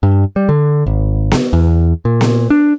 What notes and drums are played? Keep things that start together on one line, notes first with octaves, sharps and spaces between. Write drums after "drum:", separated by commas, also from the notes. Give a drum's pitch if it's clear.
G2
G3
D3
G#1
drum: snare B3
E2
A#2
drum: snare B3
D4